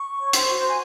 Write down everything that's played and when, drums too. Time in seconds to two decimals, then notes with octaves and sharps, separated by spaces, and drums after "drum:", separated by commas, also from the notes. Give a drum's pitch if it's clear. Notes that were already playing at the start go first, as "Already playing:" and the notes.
Already playing: C#6
0.19 C#5
0.33 C5 C6, drum: hi-hat
0.48 F#4
0.67 G#5